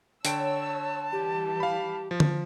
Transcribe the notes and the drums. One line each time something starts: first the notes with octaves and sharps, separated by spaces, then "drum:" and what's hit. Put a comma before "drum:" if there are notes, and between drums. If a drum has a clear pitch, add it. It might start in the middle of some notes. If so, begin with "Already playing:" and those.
D3 C#5 G5 A5 E6 D7, drum: hi-hat
E3 G3 G4
F5 B5
F3
drum: tom D3